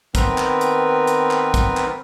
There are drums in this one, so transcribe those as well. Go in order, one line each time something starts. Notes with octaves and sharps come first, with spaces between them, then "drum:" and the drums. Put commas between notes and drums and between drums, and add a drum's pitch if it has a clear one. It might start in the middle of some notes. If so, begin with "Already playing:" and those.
D#3 B3 C4 A#4 B4, drum: kick, hi-hat
drum: clap
drum: hi-hat
drum: hi-hat
drum: clap
drum: kick, hi-hat
drum: clap